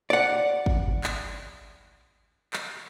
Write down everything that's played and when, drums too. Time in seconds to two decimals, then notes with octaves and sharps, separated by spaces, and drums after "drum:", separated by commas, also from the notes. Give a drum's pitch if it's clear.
0.10 D5 F#5
0.66 drum: kick G#1
1.04 drum: clap
2.53 drum: clap